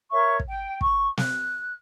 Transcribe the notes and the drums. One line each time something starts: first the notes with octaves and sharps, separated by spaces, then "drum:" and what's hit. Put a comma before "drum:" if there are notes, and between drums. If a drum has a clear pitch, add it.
A#4 C#5 E5 C#6
drum: kick
G5
C#6, drum: kick
F#6, drum: snare